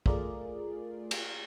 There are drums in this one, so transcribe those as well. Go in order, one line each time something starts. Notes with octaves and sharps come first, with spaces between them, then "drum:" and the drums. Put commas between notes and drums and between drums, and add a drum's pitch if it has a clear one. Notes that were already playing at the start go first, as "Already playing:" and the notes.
A3 F4 G#4 A#4 D5, drum: kick
drum: cymbal